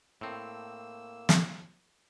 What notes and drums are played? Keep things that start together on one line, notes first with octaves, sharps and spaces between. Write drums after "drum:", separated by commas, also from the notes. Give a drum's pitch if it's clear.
A2 A#3 C4 E6
drum: snare